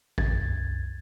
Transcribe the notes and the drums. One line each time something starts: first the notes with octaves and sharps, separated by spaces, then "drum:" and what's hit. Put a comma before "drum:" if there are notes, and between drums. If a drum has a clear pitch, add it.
C2 F#2 G#6 A6, drum: kick G#1